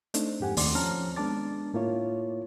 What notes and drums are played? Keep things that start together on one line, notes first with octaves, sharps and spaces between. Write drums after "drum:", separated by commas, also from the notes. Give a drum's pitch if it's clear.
A3 C4 D4 D#4, drum: hi-hat
F2 G#2 G4 F#5 G#5
D#2 D#3 A3 D5 C6 D6, drum: open hi-hat
F3 C4 C#4 A5 A#5 F6
G#3 B3 D4 A5 D6 A6
A2 A#3 E4 F4 C#5